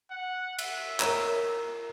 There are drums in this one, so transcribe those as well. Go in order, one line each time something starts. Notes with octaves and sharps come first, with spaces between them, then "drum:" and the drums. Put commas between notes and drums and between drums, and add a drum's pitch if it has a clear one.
F#5
E5, drum: cymbal
A#4 C#5 A#5, drum: clap